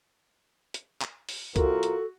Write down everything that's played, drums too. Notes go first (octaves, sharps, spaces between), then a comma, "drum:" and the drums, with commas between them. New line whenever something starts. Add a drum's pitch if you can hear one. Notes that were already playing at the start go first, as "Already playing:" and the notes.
drum: hi-hat
drum: clap
drum: open hi-hat
C2 F4 F#4 A4 A#4, drum: kick, hi-hat
drum: hi-hat